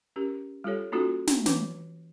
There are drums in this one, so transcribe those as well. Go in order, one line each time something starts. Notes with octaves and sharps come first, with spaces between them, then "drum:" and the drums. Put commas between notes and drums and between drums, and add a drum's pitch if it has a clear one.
C#4 G4 A#4
G3 F4 G4 A4 C#5
A#3 C#4 D#4 F4 F#4 A4
drum: snare
E3 B4, drum: snare